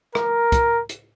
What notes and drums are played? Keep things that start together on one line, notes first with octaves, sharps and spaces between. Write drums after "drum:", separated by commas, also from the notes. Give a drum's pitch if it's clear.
A#4, drum: rim click
drum: kick, hi-hat
drum: hi-hat